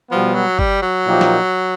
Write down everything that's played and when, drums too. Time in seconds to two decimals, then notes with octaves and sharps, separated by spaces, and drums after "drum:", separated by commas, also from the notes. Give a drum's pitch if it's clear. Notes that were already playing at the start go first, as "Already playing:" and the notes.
0.11 B2 F3 G3 B3
0.35 F#3
0.59 G3, drum: kick
0.82 F#3
1.05 A#2 F3 A#3 D#4 G4
1.21 drum: snare